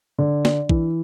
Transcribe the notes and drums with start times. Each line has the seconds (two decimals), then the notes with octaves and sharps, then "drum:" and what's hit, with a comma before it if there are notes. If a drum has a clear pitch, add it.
0.18 D3
0.45 D4, drum: snare
0.69 E3, drum: kick